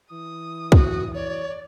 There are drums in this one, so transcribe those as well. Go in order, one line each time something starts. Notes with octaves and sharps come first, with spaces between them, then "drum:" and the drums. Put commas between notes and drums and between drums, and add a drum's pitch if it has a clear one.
E3 D#6
F#4, drum: kick
C#5 D5